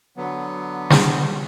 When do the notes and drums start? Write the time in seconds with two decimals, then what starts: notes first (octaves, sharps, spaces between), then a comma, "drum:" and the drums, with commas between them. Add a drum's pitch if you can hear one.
0.17 D3 F#3 B3
0.90 drum: snare